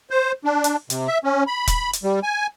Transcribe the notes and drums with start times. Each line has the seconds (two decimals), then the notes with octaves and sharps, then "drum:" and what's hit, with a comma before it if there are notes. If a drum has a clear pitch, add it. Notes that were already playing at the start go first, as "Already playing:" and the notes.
0.11 C5
0.45 D4
0.64 drum: hi-hat
0.90 C3, drum: hi-hat
1.07 E5
1.24 C#4
1.47 B5
1.67 drum: kick E1, hi-hat
1.93 drum: hi-hat
2.04 G3
2.23 G#5